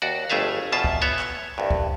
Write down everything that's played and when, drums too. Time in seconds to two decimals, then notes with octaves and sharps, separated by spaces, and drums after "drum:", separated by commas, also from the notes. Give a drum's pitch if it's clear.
0.02 D#2 F#4 D5
0.30 G1 F2 A3 G#4 E5 F5
0.72 E2 B2 F4 E5 A5
0.84 drum: kick
1.02 B3 C#5 E5
1.19 drum: clap
1.58 C2 G2
1.70 drum: kick